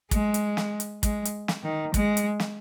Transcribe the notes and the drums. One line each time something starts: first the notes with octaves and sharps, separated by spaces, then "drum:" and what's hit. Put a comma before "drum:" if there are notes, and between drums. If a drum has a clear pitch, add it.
G#3, drum: kick, hi-hat
drum: hi-hat
drum: snare
drum: hi-hat
G#3, drum: kick, hi-hat
drum: hi-hat
drum: snare
D#3
G#3, drum: kick, hi-hat
drum: hi-hat
drum: snare